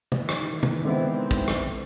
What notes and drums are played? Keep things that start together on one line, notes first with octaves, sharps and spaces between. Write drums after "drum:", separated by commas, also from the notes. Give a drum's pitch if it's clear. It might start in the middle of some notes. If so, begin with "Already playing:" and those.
D#3 E3, drum: tom
drum: rim click
drum: tom
D3 G#3 B3 C4 E4
drum: kick
drum: rim click